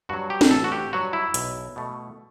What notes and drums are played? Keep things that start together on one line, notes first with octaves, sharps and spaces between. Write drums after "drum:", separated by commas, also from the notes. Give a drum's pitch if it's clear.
G2 F#3 F#4
G4
drum: snare
A1 A4
F#4
G4
G2 F#3 F#4
E4
B1, drum: hi-hat
B2 A3